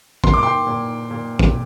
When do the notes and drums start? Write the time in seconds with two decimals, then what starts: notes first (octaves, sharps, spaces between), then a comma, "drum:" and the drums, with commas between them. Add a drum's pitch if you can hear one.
0.24 A#3 C6, drum: kick
0.34 D6
0.43 G5 C6
0.67 A#2
1.11 A#2
1.39 drum: kick